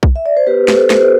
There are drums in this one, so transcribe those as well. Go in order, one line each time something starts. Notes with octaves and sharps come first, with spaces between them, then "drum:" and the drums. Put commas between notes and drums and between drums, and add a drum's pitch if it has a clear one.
drum: kick B1
E5
D5
C5
B3 G4 B4
B3, drum: snare
A4 C5
F4, drum: snare
C5